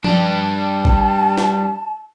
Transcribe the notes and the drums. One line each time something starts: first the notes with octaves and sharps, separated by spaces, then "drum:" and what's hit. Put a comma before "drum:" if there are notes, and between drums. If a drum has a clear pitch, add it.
G3 D4 A5, drum: tom F3
drum: kick G#1
drum: snare